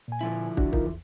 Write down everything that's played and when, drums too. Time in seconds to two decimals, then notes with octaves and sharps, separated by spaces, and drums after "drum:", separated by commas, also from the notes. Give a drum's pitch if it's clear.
0.08 A#2 G#5
0.21 D3 F3 E4
0.57 D4 F#4, drum: kick
0.73 D#4 F4 A#4, drum: kick
0.85 E2